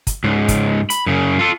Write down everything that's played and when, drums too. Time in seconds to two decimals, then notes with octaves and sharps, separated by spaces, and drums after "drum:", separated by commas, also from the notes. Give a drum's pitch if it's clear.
0.07 drum: kick, hi-hat
0.24 C#2 G#2
0.48 drum: kick, hi-hat
0.90 B5, drum: hi-hat
1.06 F#2 C#3
1.39 F4 A4